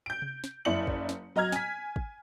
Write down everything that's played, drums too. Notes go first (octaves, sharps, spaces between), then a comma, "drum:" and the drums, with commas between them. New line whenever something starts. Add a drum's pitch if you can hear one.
G6 D7
drum: tom C3
drum: snare
F#1 E4 D5 C#7 F#7
drum: kick
drum: snare
F#3 D#5 A#5 F6 G#6
G#5 B6, drum: snare
drum: kick